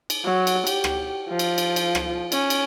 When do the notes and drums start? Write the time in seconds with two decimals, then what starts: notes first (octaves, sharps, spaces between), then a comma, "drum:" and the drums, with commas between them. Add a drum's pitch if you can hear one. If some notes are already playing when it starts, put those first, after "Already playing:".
0.10 drum: cymbal
0.25 F#3
0.47 drum: cymbal
0.67 G4, drum: cymbal
0.84 drum: rim click
1.29 F3
1.39 drum: cymbal
1.58 drum: cymbal
1.76 drum: cymbal
1.95 drum: rim click
2.32 C#4, drum: cymbal
2.50 drum: cymbal